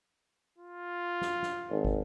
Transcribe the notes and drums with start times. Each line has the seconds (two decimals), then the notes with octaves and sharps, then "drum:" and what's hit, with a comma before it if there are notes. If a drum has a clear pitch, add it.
0.58 F4
1.21 drum: snare
1.42 drum: snare
1.70 G#1
1.85 drum: kick